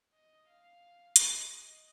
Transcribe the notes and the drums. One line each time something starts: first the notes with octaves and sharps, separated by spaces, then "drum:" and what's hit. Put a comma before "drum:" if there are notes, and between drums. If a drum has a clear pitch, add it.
D#5
F5
D#5, drum: hi-hat
D#5